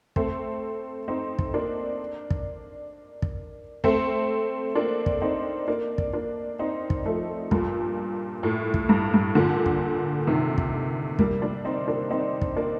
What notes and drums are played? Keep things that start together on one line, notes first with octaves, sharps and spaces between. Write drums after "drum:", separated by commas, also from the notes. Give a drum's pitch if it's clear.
A3 C4, drum: kick
C4 D#4
drum: kick
A#3 D4
drum: kick
drum: kick
A3 C4, drum: kick
A#3 D4
drum: kick
C4 D#4
A#3 D4
drum: kick
A#3 D4
C4 D#4
drum: kick
F3 A3
G2 A#2, drum: kick
A2
drum: kick
G2
G2
A#2 D3
drum: kick
C3 D#3
drum: kick
G3 A#3, drum: kick
A#3 D4
C4 D#4
A#3 D4
C4 D#4
drum: kick
A#3 D4